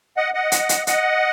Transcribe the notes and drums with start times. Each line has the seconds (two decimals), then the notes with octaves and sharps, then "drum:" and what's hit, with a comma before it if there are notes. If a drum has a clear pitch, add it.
0.17 D#5 F#5
0.34 D#5 F#5
0.52 drum: hi-hat
0.69 drum: hi-hat
0.87 D#5 F#5, drum: hi-hat